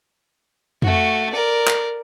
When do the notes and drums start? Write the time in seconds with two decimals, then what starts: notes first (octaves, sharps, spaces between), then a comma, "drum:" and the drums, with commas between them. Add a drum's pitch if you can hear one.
0.82 A3 F#4, drum: tom F2
1.33 A#4 D5
1.67 drum: clap